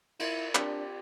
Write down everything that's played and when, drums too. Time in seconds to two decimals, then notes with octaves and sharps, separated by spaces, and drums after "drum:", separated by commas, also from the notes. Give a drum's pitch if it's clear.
0.20 E4 F4 A#4, drum: cymbal
0.55 C4 D4 G4 A#4, drum: clap